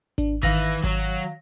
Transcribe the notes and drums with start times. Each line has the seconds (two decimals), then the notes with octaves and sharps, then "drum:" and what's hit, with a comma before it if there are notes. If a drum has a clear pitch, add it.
0.18 D4, drum: kick G#1, hi-hat
0.43 D#3 E3 F5 A#6, drum: kick G#1, hi-hat
0.64 drum: hi-hat
0.84 F#3, drum: kick G#1, hi-hat
1.09 drum: hi-hat